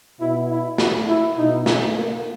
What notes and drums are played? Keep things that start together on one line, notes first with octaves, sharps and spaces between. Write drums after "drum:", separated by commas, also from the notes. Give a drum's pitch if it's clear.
B2 E4
E4
F#4, drum: snare
E4
B2 D#4
C#4, drum: snare
A#3